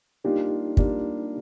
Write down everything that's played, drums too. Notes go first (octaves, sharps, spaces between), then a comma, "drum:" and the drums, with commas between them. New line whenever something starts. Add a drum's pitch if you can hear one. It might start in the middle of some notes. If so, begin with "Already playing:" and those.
G3 A#3 D4 D#4 F4 G4
G3 A#3 D4 F4, drum: kick